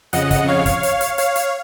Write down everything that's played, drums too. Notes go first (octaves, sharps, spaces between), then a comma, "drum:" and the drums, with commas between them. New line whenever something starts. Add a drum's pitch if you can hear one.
F2 C#3 D#5 F#5, drum: hi-hat
drum: kick, hi-hat
C#5 F5
drum: kick, hi-hat
drum: hi-hat
drum: hi-hat
C#5 F5, drum: hi-hat
drum: hi-hat